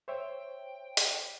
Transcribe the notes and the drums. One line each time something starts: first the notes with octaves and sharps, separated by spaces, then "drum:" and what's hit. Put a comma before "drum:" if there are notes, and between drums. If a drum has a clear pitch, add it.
C5 C#5 E5 G5
drum: hi-hat